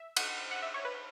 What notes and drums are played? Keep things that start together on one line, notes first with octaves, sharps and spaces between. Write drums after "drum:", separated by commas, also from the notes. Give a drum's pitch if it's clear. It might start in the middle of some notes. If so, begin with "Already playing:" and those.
Already playing: E5
F#5, drum: cymbal
F#5
E5
C#5
B4